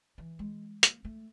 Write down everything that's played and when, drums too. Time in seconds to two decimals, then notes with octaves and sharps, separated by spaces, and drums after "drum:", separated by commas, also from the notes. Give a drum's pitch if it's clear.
0.18 E3
0.39 G#3
0.83 A#3, drum: hi-hat
1.05 A3